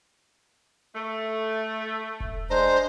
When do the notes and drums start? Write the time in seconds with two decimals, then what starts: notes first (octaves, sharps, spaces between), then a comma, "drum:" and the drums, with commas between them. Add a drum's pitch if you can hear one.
0.95 A3
2.20 drum: kick E1
2.50 G#3 D4 C5 A#5